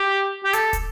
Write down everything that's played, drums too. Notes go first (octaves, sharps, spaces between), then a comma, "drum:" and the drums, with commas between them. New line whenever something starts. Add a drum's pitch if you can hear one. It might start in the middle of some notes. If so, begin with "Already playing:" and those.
Already playing: G4
G4
A4, drum: hi-hat
drum: kick, hi-hat